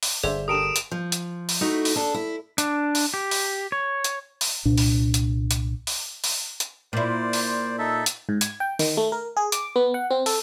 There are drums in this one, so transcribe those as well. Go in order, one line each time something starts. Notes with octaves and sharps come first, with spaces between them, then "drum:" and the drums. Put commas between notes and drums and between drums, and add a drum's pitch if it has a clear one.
drum: open hi-hat
G1 G#4 C5 D5 E5
G4 A4 A#4 D#6 D7 E7
drum: hi-hat
F3
drum: hi-hat
drum: open hi-hat
A3 D#4 E4 F#4
drum: open hi-hat
D4 A4
E4
D4, drum: hi-hat
drum: open hi-hat
G4
drum: open hi-hat
C#5
drum: hi-hat
drum: open hi-hat
C2 A#2 D4
drum: open hi-hat
drum: hi-hat
drum: hi-hat
drum: open hi-hat
drum: open hi-hat
drum: hi-hat
A#2 E4 C5 D5
drum: open hi-hat
D#4 A4 E5
drum: hi-hat
G#2
G#6, drum: hi-hat
G5
D#3, drum: open hi-hat
A3
A#4
G#4
D6, drum: hi-hat
B3
F#5
C4
A4, drum: open hi-hat